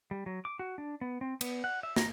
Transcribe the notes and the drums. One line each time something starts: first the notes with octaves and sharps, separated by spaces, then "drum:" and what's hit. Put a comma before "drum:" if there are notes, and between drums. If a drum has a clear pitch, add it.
G3
F#3
D6
F#4
D4
B3
C4
B3, drum: cymbal
F#5
E5
A#5, drum: snare